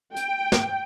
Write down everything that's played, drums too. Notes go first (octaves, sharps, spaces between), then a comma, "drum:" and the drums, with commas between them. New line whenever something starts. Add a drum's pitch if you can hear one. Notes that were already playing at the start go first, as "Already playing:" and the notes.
G5, drum: hi-hat
drum: snare